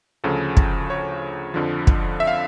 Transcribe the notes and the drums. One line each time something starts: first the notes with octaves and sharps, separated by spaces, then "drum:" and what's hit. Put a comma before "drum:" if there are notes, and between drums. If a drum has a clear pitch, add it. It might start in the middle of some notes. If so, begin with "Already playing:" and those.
D2 C#3 F3 A4
drum: kick
C#5
F2 D3 F3
drum: kick
E5
F5